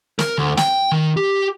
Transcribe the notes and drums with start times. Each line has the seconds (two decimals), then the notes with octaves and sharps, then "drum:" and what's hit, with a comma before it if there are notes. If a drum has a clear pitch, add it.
0.19 A#4, drum: snare
0.38 D2
0.57 G5, drum: snare
0.92 D#3
1.17 G4